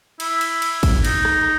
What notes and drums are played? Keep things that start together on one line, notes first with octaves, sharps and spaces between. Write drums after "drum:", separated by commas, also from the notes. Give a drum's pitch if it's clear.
E4, drum: cymbal
drum: cymbal
drum: cymbal
drum: kick, cymbal
D#4, drum: cymbal
drum: rim click